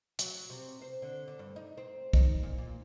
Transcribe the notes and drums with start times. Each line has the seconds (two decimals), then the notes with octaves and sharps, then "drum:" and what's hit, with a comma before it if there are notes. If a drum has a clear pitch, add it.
0.19 F#3, drum: hi-hat
0.50 C3
0.82 C5
1.02 D3
1.28 D3
1.39 G2
1.56 D#4
1.77 C4
2.13 D#4, drum: kick
2.43 A#2
2.58 A#2